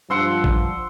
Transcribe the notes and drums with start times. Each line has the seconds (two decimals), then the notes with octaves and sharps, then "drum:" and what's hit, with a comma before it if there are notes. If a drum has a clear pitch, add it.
0.10 G2 F3 F#5 C6 E6
0.44 drum: kick A1